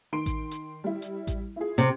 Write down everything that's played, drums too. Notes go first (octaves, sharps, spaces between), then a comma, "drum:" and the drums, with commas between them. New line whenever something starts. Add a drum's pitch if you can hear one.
D#3 C6 D7
drum: kick A1, hi-hat
drum: hi-hat
G3 E4
drum: hi-hat
drum: kick A1, hi-hat
E4 F4 G#4
C3, drum: hi-hat